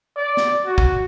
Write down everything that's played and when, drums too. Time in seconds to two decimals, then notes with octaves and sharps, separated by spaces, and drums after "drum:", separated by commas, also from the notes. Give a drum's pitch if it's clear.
0.17 D5
0.37 drum: snare
0.66 F#4
0.78 drum: kick